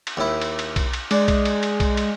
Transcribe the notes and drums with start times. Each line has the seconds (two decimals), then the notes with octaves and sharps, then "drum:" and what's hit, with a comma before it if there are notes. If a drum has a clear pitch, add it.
0.07 drum: cymbal
0.17 D#2 E4
0.41 drum: cymbal
0.59 drum: cymbal
0.76 drum: kick B1, cymbal
0.93 drum: cymbal
1.11 G#3 D4, drum: cymbal
1.28 drum: kick B1, cymbal
1.45 drum: cymbal
1.63 drum: cymbal
1.80 drum: kick B1, cymbal
1.97 drum: cymbal